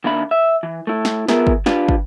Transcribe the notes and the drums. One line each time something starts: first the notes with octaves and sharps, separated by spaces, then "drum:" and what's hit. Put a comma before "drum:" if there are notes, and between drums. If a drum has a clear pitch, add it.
D#2 A#3 D4 E5 B5
E5
E3
A3 E4
drum: snare
B3 F4 G#4 A#4 E5, drum: snare
drum: kick
D4 F4 G4 B4 D5, drum: snare
drum: kick